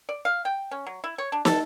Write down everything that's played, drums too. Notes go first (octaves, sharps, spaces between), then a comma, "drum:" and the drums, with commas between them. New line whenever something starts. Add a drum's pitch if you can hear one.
D5
F5
G5
C#4
F#3
E4
C#5
D4
A4, drum: snare